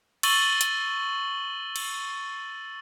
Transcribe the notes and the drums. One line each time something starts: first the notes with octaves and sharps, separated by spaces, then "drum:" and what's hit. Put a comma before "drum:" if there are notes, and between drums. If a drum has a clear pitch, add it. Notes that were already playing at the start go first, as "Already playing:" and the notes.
C#6 E6 A6 D#7 F#7 G7, drum: cymbal
drum: hi-hat
drum: cymbal